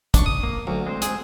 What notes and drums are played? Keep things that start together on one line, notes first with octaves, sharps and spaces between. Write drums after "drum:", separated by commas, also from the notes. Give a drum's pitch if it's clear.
D4 C#6, drum: kick, hi-hat
D#6
A#3
D2 F#3
G#3 C4 C5
G#4, drum: hi-hat